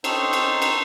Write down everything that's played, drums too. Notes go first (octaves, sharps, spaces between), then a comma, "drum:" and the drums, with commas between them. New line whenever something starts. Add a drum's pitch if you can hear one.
C4 C#4 D#4 A4 C5, drum: cymbal
drum: cymbal
drum: cymbal